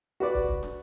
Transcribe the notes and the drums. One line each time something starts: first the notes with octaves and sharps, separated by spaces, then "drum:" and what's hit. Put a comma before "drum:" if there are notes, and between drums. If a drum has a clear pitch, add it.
F#4 B4 D5
drum: kick
drum: kick
drum: snare